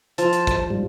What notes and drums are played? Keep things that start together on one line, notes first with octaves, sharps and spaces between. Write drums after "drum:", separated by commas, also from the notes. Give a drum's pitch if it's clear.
F3 C5 A5, drum: hi-hat
drum: hi-hat
drum: kick, hi-hat
G#2 G3